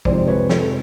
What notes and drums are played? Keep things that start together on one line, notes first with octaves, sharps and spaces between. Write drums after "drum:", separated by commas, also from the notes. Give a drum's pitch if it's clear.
F2 C3 D#3 G#3 C5 D5, drum: kick
B4 C#5
A4 B4, drum: snare